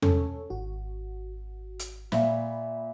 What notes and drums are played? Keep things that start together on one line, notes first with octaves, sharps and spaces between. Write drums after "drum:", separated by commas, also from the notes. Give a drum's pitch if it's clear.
C#4 A4 C#5, drum: tom E2
G#1 F#4
drum: hi-hat
A#2 C#5 E5 B5, drum: snare